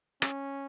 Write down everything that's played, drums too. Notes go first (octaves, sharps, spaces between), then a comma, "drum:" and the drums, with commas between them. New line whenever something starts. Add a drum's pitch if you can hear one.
C#4, drum: rim click